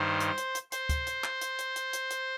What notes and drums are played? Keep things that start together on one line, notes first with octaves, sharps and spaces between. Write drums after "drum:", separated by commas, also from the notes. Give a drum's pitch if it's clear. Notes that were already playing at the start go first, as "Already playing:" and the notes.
Already playing: G2 D#3 C5
drum: hi-hat
drum: hi-hat
drum: hi-hat
C5, drum: hi-hat
drum: kick, hi-hat
drum: hi-hat
drum: clap
drum: hi-hat
drum: hi-hat
drum: hi-hat
drum: hi-hat
drum: hi-hat